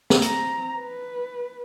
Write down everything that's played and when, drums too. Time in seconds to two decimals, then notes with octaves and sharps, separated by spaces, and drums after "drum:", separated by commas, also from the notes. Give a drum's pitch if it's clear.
0.10 drum: snare
0.22 C4 A#5, drum: hi-hat
0.78 B4